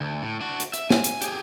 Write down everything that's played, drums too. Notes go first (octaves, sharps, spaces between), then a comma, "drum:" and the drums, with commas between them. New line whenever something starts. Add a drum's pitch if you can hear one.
D2
A2
D4 F#4
drum: hi-hat
E5, drum: hi-hat
G#5, drum: snare
drum: hi-hat
G4 G#4, drum: hi-hat